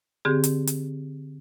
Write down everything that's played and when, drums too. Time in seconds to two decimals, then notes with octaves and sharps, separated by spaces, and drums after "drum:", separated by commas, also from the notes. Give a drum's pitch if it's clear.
0.25 D3 C4 G4 G#4
0.44 drum: hi-hat
0.67 drum: hi-hat